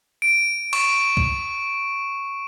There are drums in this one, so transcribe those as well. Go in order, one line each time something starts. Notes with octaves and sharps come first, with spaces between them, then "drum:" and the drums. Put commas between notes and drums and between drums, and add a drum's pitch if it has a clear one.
D7
C#6, drum: cymbal
drum: kick C2